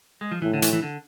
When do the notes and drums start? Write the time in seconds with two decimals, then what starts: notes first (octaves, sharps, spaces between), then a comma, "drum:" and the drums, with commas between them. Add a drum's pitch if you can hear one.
0.21 G#3
0.31 F3
0.42 A2 E3
0.54 D3
0.62 E3, drum: hi-hat
0.73 E3
0.82 D3